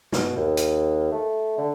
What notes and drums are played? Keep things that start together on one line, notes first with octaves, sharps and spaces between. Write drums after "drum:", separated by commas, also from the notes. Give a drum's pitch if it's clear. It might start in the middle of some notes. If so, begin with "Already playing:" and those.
B2, drum: snare
D#2
drum: hi-hat
A3
D3